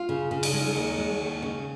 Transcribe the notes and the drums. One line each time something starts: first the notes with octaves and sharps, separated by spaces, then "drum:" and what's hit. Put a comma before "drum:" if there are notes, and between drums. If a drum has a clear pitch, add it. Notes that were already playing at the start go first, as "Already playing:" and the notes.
Already playing: F4
C#3
C#3
drum: cymbal
G#3
D#2
G#3
D#2
C#3